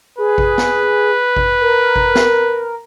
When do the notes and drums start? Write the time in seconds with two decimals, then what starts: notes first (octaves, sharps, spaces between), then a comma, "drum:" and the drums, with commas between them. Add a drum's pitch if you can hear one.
0.18 G#4 B4
0.38 drum: kick A1
0.58 drum: snare
1.36 drum: kick A1
1.61 A#4
1.96 drum: kick A1
2.15 drum: snare